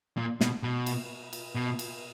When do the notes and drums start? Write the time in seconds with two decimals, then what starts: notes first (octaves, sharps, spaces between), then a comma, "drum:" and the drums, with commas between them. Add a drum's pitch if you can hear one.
0.17 A#2
0.41 B2, drum: snare
0.63 B2
0.86 drum: cymbal
1.33 drum: cymbal
1.55 B2
1.79 drum: cymbal